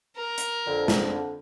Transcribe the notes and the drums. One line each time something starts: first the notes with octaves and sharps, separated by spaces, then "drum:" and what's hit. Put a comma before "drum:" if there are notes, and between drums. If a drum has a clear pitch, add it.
A#4
drum: hi-hat
F2 D3
drum: snare